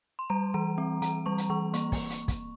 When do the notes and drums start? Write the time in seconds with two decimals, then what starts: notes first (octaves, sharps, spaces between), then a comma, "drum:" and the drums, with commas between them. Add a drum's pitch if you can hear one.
0.19 C6
0.30 G3 A#5
0.54 E3 A#5
0.78 C4
1.02 E3 A#5, drum: hi-hat
1.26 G3 C#6
1.38 drum: hi-hat
1.50 E3 C#6
1.74 A#3 C#6, drum: hi-hat
1.92 drum: kick, open hi-hat
2.10 drum: hi-hat
2.28 drum: kick, hi-hat